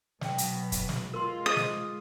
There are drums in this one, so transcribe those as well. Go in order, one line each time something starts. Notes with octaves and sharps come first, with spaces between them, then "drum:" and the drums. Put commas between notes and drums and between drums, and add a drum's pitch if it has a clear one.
B2 F#3 D5 G5, drum: snare
drum: hi-hat
drum: kick, hi-hat
drum: snare
G#3 F4 A#4 C6
G#4 C5 D#5 D#6
drum: snare